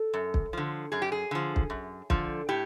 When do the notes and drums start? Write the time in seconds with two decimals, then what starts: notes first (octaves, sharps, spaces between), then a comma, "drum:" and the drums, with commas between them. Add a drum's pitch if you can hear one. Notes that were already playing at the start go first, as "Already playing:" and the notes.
Already playing: A4
0.14 F#2
0.34 drum: kick
0.53 D3 F3
0.92 F#2 G#4
1.02 G4
1.12 G#4
1.31 D3 F3
1.56 drum: kick
1.70 F#2
2.10 D3 F3, drum: kick
2.49 A2 G4